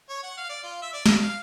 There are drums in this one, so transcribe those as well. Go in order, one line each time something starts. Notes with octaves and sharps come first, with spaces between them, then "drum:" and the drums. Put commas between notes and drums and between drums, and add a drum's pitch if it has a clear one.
C#5
F#5
F5
D5
F4
E5
D5
D4, drum: snare
F5